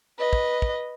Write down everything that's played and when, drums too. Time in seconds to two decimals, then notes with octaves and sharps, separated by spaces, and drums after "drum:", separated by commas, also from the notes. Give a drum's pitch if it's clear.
0.18 B4 D#5
0.33 drum: kick
0.62 drum: kick